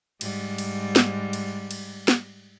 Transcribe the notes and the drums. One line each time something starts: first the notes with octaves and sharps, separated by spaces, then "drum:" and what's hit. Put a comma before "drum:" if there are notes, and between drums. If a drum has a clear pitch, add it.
G#2 G3, drum: cymbal
drum: cymbal
drum: snare
drum: cymbal
drum: cymbal
drum: snare